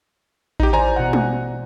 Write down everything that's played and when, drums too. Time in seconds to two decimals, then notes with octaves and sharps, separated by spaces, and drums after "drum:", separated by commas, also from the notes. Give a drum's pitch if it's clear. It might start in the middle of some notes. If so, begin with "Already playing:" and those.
0.60 D#4 G4, drum: kick A1
0.73 E3 C5 D5 G#5 A#5
0.96 B2 F#5
1.13 drum: tom